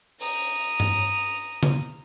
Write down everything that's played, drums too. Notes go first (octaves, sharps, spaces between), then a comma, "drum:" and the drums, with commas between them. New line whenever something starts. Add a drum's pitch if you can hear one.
A#5 D#6, drum: open hi-hat
drum: tom G2
drum: tom C#3